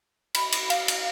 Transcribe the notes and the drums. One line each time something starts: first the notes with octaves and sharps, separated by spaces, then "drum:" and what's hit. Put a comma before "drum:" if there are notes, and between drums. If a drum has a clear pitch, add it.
B5, drum: cymbal
drum: cymbal
F5, drum: cymbal
drum: cymbal